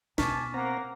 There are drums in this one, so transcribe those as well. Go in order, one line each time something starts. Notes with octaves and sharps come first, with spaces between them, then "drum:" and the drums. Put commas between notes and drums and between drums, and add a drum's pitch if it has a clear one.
B2 B3 G#5 A5 C#6 D6 F6 B6, drum: snare
A#3 C4 F#5 A#5